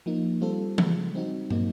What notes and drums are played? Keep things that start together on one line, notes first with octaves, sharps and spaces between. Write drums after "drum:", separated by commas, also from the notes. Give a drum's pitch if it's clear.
F3 A#3 D#4
G3 C4 F4 A4
C#3 F3 G#3, drum: tom E3
G3 C4 D#4 F#4
A#2 F#3 A#3 D#4, drum: tom